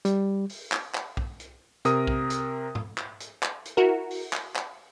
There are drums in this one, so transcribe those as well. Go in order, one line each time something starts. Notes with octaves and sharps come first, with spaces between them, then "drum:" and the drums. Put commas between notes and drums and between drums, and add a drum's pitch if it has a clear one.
G3, drum: hi-hat
drum: open hi-hat
drum: clap
drum: clap
drum: kick B1
drum: hi-hat
C3 A#4 D#6, drum: hi-hat
drum: kick B1
drum: hi-hat
drum: tom G#2
drum: clap
drum: hi-hat
drum: clap
drum: hi-hat
E4 F#4 A#4
drum: open hi-hat
drum: clap
drum: clap